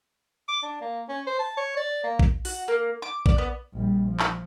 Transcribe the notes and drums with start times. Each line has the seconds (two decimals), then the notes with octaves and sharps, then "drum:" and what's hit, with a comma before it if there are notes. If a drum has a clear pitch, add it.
0.48 D6
0.63 D4
0.81 A#3
1.09 C#4
1.27 C5
1.39 A5
1.57 C#5
1.77 D5
2.03 A#3
2.19 drum: kick A#1
2.45 F#4, drum: open hi-hat
2.68 A#3
3.02 D6
3.26 D5, drum: kick A#1
3.38 B3
3.73 A#1 G3
4.08 F3
4.20 drum: clap